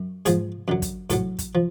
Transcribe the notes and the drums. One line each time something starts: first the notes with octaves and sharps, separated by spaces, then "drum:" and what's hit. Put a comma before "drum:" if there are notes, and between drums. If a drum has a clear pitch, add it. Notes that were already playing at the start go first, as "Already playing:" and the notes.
Already playing: F#2
G#2 F3 G#4, drum: hi-hat
F#2 D3 F#3
drum: kick, hi-hat
A2 F#3 A4, drum: kick, hi-hat
drum: kick, hi-hat
F3